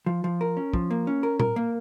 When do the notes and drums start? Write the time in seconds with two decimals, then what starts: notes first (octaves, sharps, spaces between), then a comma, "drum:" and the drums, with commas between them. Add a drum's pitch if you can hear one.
0.06 F3
0.24 F3
0.41 A#4
0.57 C#4
0.73 F3, drum: kick
0.91 A#3
1.07 C#4
1.23 A#4
1.40 A#4, drum: tom A#2
1.56 A#3